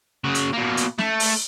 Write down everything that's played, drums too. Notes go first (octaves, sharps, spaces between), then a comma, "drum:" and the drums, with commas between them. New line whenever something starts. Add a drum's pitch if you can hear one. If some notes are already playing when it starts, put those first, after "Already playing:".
C#3 F#4
drum: hi-hat
B2 A#3
drum: hi-hat
A3, drum: snare
drum: open hi-hat